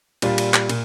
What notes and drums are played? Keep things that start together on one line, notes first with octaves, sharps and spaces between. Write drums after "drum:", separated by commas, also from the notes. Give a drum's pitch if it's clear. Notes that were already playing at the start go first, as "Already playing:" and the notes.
A#2 G3 D4 F4, drum: cymbal
drum: cymbal
drum: clap
A#2, drum: cymbal